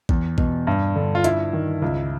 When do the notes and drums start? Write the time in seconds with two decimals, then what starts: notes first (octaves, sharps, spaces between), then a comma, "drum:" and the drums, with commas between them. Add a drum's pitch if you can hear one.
0.09 E2, drum: kick A#1
0.38 B2, drum: kick A#1
0.67 G2
0.96 D3
1.15 F4
1.24 G2 E4, drum: hi-hat
1.53 D#3
1.82 C#2